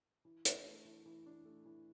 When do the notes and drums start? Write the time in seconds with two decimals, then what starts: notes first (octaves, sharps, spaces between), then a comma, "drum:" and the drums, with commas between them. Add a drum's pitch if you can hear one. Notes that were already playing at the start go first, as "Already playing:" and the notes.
0.25 E3
0.45 D4, drum: hi-hat
0.65 A3
0.85 E3
1.06 E3
1.26 D4
1.45 A3
1.65 E3